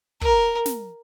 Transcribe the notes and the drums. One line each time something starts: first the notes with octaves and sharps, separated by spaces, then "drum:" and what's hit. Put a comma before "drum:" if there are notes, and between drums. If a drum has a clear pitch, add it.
A#4, drum: kick
drum: snare